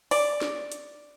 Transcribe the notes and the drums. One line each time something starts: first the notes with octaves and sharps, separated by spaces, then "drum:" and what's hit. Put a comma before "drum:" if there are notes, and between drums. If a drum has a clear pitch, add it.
D5, drum: open hi-hat
drum: snare
drum: hi-hat